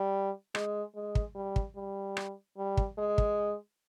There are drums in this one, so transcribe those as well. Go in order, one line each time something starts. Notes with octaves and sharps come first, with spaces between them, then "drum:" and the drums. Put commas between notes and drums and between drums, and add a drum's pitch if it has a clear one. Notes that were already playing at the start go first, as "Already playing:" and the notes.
Already playing: G3
G#3, drum: rim click
G#3
drum: kick
G3
drum: kick
G3
drum: rim click
G3
drum: kick
G#3
drum: kick